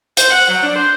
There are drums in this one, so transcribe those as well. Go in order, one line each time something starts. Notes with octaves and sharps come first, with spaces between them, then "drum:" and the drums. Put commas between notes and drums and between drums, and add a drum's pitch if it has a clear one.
C5, drum: hi-hat
F#5
F#3
D4
C5